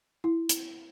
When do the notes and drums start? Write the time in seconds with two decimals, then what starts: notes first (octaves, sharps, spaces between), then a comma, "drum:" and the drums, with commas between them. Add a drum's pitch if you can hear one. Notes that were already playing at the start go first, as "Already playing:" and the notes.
0.24 E4
0.49 drum: hi-hat